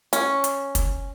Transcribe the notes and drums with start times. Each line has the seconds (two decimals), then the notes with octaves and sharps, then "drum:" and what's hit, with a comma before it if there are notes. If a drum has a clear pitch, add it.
0.13 C#4, drum: hi-hat
0.44 drum: hi-hat
0.75 drum: kick, hi-hat